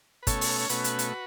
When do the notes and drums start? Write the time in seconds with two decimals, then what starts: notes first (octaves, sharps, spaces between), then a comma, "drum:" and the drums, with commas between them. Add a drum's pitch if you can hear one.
0.23 B4
0.27 B2 A3 C#4 A4 C#5, drum: kick G1, hi-hat
0.41 drum: open hi-hat
0.60 C#5
0.69 B2 A3 C#4 F#4 B4, drum: hi-hat
0.84 drum: hi-hat
0.99 drum: hi-hat